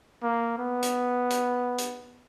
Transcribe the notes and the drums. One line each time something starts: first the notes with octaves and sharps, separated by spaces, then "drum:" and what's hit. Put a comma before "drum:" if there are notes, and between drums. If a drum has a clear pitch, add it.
A#3
B3
drum: hi-hat
drum: hi-hat
drum: hi-hat